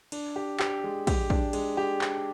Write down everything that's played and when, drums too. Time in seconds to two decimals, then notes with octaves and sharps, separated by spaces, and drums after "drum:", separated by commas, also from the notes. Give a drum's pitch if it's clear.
0.12 D4, drum: cymbal
0.36 G4
0.60 G4, drum: clap
0.84 G#3
1.07 G4, drum: kick, cymbal
1.30 D4, drum: kick
1.53 G#3, drum: cymbal
1.77 G4
2.01 D4, drum: clap